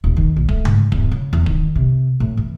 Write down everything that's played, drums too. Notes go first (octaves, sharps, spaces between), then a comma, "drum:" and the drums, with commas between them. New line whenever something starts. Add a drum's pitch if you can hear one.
D#1
D#3
A#1
A3, drum: kick D1
G#2, drum: tom C#3
E2, drum: kick D1
C#3
E2
D#3, drum: kick D1
C3
A2
E3